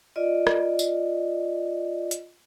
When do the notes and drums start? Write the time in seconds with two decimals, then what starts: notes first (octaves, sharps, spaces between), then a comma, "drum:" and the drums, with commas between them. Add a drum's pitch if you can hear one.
0.16 F4 D5 D#5
0.47 drum: rim click
0.79 drum: tambourine
2.11 drum: hi-hat